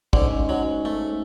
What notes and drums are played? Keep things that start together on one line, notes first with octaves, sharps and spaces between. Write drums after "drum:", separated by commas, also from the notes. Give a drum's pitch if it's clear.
G#2 D3 G#3 C#4, drum: kick
F#3
A3